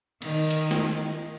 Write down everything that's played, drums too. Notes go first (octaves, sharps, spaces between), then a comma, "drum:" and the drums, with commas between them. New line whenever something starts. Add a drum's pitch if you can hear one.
D#3, drum: cymbal
drum: hi-hat
drum: snare